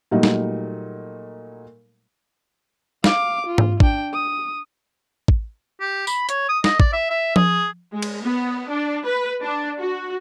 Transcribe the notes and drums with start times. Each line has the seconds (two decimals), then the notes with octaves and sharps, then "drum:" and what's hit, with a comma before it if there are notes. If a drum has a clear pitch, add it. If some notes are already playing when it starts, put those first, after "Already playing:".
0.11 A#2 F#3 G3 A3 D#4
0.23 drum: snare
3.04 F5 D6, drum: snare
3.47 F4
3.58 drum: tom G#2
3.80 D4 G5, drum: kick
4.13 D#6
5.28 drum: kick
5.81 G4
6.07 B5, drum: tambourine
6.29 C#5, drum: hi-hat
6.48 D#6
6.64 D#5, drum: snare
6.80 D5, drum: kick
6.93 E5
7.10 E5
7.36 G#4, drum: tom F3
7.93 G#3
8.02 drum: cymbal
8.25 B3
8.70 D4
9.05 B4
9.43 D4
9.79 F#4